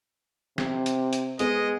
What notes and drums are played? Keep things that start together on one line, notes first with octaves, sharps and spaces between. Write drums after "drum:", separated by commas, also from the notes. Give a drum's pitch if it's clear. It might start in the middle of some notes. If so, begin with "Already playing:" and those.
C3, drum: snare
drum: hi-hat
drum: hi-hat
G#3 B3 D#5, drum: hi-hat